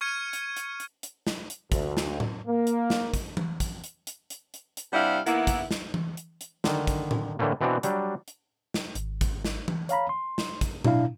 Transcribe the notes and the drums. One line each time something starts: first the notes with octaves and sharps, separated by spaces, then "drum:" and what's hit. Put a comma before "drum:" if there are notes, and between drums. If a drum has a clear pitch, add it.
C#6 F6 G#6 C#7 D#7
drum: hi-hat
drum: hi-hat
drum: hi-hat
drum: hi-hat
drum: snare
drum: hi-hat
D2, drum: kick, hi-hat
drum: snare
drum: tom A2
A#3
drum: hi-hat
drum: snare
drum: kick, hi-hat
drum: tom E3
drum: kick, hi-hat
drum: hi-hat
drum: hi-hat
drum: hi-hat
drum: hi-hat
drum: hi-hat
C3 G3 D4 E4 F5 F#5
D#3 A#3 B3 E4, drum: hi-hat
drum: kick, hi-hat
drum: snare
drum: tom E3
drum: hi-hat
drum: hi-hat
D3 D#3, drum: snare
drum: kick, hi-hat
drum: tom A2
A2 D3 E3 A3 A#3
B2 E3 C4 D4 F#4
F#3 G3 D4, drum: hi-hat
drum: hi-hat
drum: snare
G#1, drum: hi-hat
drum: kick, hi-hat
drum: snare
drum: tom E3
C#5 F5 A#5 B5, drum: hi-hat
C6
drum: snare
drum: kick, hi-hat
B2 D4 E4 F5, drum: tom A2